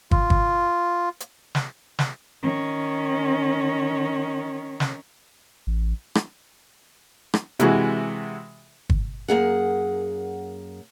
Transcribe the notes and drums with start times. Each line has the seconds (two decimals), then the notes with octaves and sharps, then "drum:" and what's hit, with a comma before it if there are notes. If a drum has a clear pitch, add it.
0.11 F4, drum: kick
0.30 drum: kick
1.20 drum: hi-hat
1.55 drum: snare
1.99 drum: snare
2.42 D#3 C#4
4.80 drum: snare
5.67 A1
6.15 drum: rim click
7.34 drum: rim click
7.59 C3 E3 G#3 F#4, drum: hi-hat
8.90 drum: kick
9.28 F#2 A#3 G#4 F#5